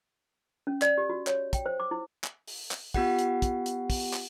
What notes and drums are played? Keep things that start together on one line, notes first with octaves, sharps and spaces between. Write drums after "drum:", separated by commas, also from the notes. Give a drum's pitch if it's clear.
C#4
D5, drum: clap
G4
F#4
C#5, drum: clap
G5, drum: kick, hi-hat
C5
D6
E4
drum: clap
drum: open hi-hat
drum: clap
B3 F4 G4 F#5, drum: kick
drum: hi-hat
drum: kick, hi-hat
drum: hi-hat
drum: kick, open hi-hat
drum: clap